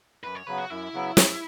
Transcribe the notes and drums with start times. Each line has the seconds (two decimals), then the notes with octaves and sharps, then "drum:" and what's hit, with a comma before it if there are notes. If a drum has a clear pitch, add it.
0.24 F#2 B4
0.35 C#5
0.47 C#3 F#3 B3 B4
0.58 F#4
0.70 F#2 E4
0.93 C#3 F#3 B3
1.17 F#2, drum: snare